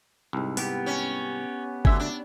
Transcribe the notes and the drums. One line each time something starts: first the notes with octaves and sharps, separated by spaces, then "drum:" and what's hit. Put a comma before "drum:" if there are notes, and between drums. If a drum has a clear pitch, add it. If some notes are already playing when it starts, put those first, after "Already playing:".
C2 G#2
B3 G4, drum: open hi-hat
C#4
D2 D3 E5 G#5, drum: kick G1
D4